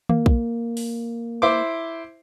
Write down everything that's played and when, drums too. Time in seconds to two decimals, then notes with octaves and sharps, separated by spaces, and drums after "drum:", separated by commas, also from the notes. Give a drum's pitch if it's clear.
0.09 A#3, drum: tom D#3
0.26 drum: kick A#1
0.77 drum: open hi-hat
1.42 E4 C5 D6